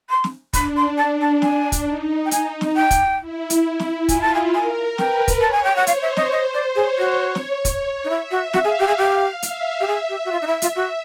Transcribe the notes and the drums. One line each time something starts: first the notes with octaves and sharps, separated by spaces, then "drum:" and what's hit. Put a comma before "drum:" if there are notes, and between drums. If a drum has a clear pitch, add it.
C6
drum: snare
D4 B5, drum: kick, hi-hat
C6
A5
A5
G#5, drum: snare
drum: kick, hi-hat
D#4
G5
G#5, drum: hi-hat
drum: snare
G5
drum: kick, hi-hat
E4
drum: hi-hat
drum: snare
F4 G#5, drum: kick, hi-hat
A5
G#5
A#4 G#5
B4 G5, drum: snare
drum: kick, hi-hat
C#5 A5
G#5
G5
F#5
C5 F5, drum: hi-hat
E5
D#5, drum: snare
D#5
D5
G#4 C#5
F#4
drum: snare
drum: kick, hi-hat
D#4
E4 E5
F#4
F#4 F5, drum: snare
G#4
G4
G#4
G4 F5
E5, drum: hi-hat
G4
G#4
G4
F#4
F4 E5
D#4
E4
F4, drum: hi-hat
F#4